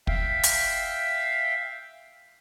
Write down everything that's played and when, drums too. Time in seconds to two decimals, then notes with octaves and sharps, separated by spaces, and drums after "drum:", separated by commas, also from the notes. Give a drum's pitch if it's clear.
0.07 E5 F5 G5, drum: kick
0.43 drum: hi-hat